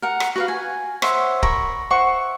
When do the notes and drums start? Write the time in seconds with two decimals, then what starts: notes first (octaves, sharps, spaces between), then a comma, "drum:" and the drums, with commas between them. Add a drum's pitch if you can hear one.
0.02 A#4 F#5
0.20 drum: rim click
0.36 F#4 B4 F5
0.48 G#5
1.02 C5 C#5 E5 F#5, drum: rim click
1.43 A#4 B5 C#6, drum: kick
1.90 E4 C5 F#5 C#6